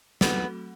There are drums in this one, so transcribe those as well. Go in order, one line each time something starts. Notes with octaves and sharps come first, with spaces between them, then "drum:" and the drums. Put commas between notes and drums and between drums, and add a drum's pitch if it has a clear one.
F#3 A3 B3 C4 F#4 A4, drum: snare